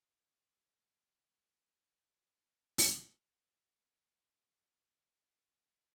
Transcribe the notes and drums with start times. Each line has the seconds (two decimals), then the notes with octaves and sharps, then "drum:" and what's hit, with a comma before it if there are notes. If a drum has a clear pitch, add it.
0.31 G4
0.59 G4
0.86 A2 A4
1.06 G4
1.27 G2 G4
1.42 G4
1.48 F4
1.68 E4
1.96 F4
2.23 A4
2.32 G4
2.41 A4
2.78 drum: open hi-hat
4.05 A4
4.15 G2 G4
4.43 A4
4.69 G4
4.97 G4
5.79 F4